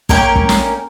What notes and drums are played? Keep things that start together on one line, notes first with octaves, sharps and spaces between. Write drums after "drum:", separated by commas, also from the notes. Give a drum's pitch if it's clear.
A#3 C#4 A#4 G5, drum: kick
drum: kick
drum: snare